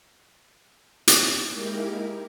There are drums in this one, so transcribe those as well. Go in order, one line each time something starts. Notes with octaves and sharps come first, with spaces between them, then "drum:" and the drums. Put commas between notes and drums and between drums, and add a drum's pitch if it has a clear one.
drum: hi-hat
G#3 A#3 D#4 E4 G4 A#4